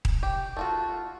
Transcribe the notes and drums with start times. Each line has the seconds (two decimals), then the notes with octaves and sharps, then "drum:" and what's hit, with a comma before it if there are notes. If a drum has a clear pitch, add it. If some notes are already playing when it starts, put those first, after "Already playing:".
0.05 drum: kick D#1
0.23 G4
0.57 A3 F4 F#4